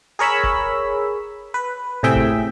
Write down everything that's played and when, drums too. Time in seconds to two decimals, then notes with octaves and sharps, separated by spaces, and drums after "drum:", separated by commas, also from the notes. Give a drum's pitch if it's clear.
0.19 G#4 A#4 C#5 B5 E6
0.44 drum: kick F1
1.54 B4
2.03 A2 C3 G#4 E5 G5
2.15 drum: kick F1